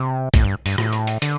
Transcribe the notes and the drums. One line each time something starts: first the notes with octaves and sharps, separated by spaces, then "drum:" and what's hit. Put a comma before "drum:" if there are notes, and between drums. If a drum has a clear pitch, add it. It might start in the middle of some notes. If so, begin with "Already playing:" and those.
Already playing: C3
A2, drum: kick, hi-hat
G2
G2, drum: open hi-hat
A2, drum: rim click
drum: hi-hat
drum: hi-hat
D3, drum: hi-hat